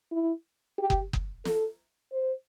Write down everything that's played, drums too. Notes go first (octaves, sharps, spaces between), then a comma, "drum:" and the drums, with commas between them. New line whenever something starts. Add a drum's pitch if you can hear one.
E4
G4
drum: kick F#1
drum: kick F#1
A4, drum: snare
C5